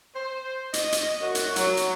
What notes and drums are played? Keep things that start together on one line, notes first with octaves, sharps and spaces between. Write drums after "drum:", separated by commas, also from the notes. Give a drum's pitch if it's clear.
C5
D#5, drum: hi-hat
drum: hi-hat
F#2 F#4
drum: hi-hat
F#3, drum: hi-hat
drum: hi-hat